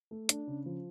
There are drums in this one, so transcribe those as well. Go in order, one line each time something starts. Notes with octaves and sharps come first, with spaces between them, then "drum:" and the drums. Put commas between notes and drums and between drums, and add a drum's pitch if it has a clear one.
A3
D4, drum: hi-hat
C#3
F3